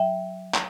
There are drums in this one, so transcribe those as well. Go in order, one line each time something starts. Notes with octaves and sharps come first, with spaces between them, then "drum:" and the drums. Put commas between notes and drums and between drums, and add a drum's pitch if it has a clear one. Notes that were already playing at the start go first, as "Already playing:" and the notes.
Already playing: F#3 E5 G5
drum: clap